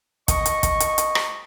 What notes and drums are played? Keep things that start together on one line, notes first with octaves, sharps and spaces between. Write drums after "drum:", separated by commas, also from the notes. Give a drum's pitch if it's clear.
D#5 C#6, drum: kick, hi-hat
drum: hi-hat
drum: kick, hi-hat
drum: hi-hat
drum: hi-hat
drum: rim click